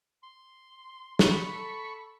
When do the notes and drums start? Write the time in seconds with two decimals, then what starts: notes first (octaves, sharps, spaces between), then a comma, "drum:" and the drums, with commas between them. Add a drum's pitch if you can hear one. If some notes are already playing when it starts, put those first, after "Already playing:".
0.23 C6
1.19 B5 C#6, drum: snare
1.53 A4